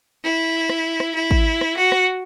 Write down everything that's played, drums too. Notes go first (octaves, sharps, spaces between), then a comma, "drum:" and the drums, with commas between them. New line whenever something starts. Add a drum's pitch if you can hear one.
E4
drum: rim click
drum: rim click
E4
drum: kick G#1
drum: rim click
F#4
drum: rim click